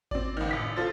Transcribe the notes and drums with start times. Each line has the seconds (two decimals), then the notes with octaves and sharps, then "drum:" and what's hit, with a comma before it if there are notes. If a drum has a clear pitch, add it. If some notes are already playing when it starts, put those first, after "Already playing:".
0.11 C4 D5, drum: kick G#1
0.37 C#2 D#3
0.51 A1 B6
0.76 F4 A4 C5 A6